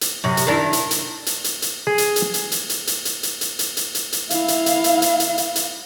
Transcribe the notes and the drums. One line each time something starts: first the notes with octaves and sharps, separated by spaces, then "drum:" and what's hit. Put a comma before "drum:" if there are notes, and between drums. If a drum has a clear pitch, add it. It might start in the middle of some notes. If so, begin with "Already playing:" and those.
drum: hi-hat
F#2 C3
drum: hi-hat
D#3 D4 E4
drum: hi-hat
drum: hi-hat
drum: hi-hat
drum: hi-hat
drum: hi-hat
G#4
drum: hi-hat
drum: hi-hat
drum: hi-hat
drum: hi-hat
drum: hi-hat
drum: hi-hat
drum: hi-hat
drum: hi-hat
drum: hi-hat
drum: hi-hat
drum: hi-hat
drum: hi-hat
drum: hi-hat
E4 F5, drum: hi-hat
drum: hi-hat
drum: hi-hat
drum: hi-hat
drum: hi-hat
drum: hi-hat
drum: hi-hat
drum: hi-hat